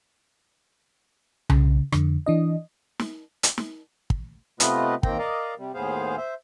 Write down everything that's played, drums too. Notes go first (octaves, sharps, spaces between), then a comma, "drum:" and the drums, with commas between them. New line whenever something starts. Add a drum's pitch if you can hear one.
C#3, drum: tom C2
F2 D3, drum: rim click
E3 D4 D#5
drum: snare
drum: hi-hat
drum: snare
drum: kick
C3 A3 B3 F4 B4 D#5, drum: hi-hat
D#2 D#3 A#3 C4 G5 A#5, drum: kick
A#4 D5 D#5 F5
C3 G3
D#2 A2 B3 G#4 C5 F5
C5 E5